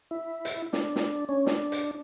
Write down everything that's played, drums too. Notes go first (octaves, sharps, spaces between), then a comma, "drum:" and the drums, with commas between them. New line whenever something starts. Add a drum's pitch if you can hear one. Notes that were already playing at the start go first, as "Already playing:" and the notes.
E4
drum: hi-hat
D4, drum: snare
drum: snare
C#4
D4, drum: snare
drum: hi-hat